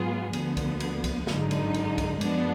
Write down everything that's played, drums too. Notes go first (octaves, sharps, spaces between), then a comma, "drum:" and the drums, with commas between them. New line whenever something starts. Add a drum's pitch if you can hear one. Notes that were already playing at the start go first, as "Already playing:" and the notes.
Already playing: G#2 F#3 B3 F4 G#4
D2 D3 F3 B3, drum: cymbal
drum: kick C2, cymbal
drum: cymbal
drum: kick C2, cymbal
G#1 F#2 D3 G#3 D#4, drum: snare
drum: cymbal
drum: cymbal
drum: kick C2, cymbal
F#2 F3 G#3 B3 D4, drum: cymbal